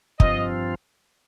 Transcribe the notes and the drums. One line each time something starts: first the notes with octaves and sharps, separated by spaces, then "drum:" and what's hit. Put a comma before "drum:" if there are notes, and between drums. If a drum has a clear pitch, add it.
G2 F3 C4 F4 D#5, drum: kick